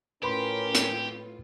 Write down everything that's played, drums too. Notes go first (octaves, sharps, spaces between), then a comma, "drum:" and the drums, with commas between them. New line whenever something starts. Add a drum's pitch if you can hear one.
A2 C#4 F4 G4 A#4 B4 B5 C6
drum: hi-hat